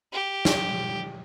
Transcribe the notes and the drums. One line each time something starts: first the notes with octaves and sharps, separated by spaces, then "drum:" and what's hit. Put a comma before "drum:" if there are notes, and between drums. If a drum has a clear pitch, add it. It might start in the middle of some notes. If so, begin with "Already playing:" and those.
G4
drum: snare